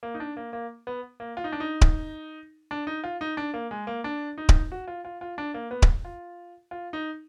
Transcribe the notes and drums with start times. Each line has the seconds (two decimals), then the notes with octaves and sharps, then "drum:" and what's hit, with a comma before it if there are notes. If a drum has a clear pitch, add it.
0.03 A#3
0.15 D#4
0.20 D4
0.37 A#3
0.53 A#3
0.87 B3
1.20 A#3
1.37 F4
1.44 D#4
1.52 D4
1.60 D#4
1.81 drum: kick D1
2.71 D4
2.87 D#4
3.04 F4
3.21 D#4
3.37 D4
3.54 A#3
3.71 G#3
3.87 A#3
4.04 D4
4.38 D#4
4.49 drum: kick D1
4.72 F#4
4.88 F4
5.05 F4
5.21 F4
5.38 D4
5.54 A#3
5.71 B3
5.82 drum: kick D1
6.05 F4
6.71 F4
6.93 D#4